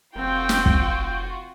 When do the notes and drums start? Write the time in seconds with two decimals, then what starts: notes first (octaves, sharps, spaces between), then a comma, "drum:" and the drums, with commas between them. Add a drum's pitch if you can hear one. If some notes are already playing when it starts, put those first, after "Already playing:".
0.16 F1 C4 F4 F#4 G5
0.49 drum: snare
0.66 drum: kick